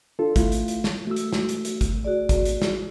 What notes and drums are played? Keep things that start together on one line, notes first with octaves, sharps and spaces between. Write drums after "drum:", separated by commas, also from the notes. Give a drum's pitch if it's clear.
D4 F4 A4 F5
A3 E4 F4, drum: kick G#1, hi-hat
drum: hi-hat
drum: hi-hat
drum: snare
A3 F#4 E6
drum: hi-hat
drum: snare
drum: hi-hat
drum: hi-hat
drum: kick G#1, hi-hat
F#4 G#4 D5
drum: kick G#1, hi-hat
drum: hi-hat
drum: snare